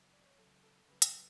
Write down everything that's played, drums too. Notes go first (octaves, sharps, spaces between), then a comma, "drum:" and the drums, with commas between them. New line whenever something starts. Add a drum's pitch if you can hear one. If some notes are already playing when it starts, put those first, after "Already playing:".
Already playing: C#3 F#3
D5
C#5
C#3 F#3 A4
A4
C#3 F#3 B4
drum: hi-hat